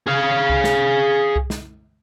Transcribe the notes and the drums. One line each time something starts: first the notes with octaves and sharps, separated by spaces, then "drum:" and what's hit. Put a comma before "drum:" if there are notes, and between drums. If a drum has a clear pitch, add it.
G#4 F5
drum: kick C2
drum: snare
drum: kick C2
drum: snare